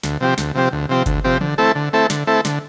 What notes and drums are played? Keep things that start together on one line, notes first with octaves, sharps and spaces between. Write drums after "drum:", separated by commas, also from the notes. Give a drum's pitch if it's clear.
D2, drum: snare
C3 F3 C4 G4
D2, drum: snare
C3 F3 C4 G4
D2
C3 F3 C4 G4
D2, drum: kick G1, hi-hat
C3 F3 C4 G4
D3, drum: tom E3
A3 C4 E4 A4
D3
A3 C4 E4 A4
D3, drum: snare
A3 C4 E4 A4
D3, drum: snare